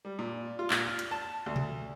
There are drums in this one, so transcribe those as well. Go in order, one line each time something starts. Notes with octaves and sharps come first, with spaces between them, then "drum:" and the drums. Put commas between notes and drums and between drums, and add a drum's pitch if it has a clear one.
G3
A#2
F4
A#2, drum: clap
F6
drum: hi-hat
A5
D2
drum: tom B2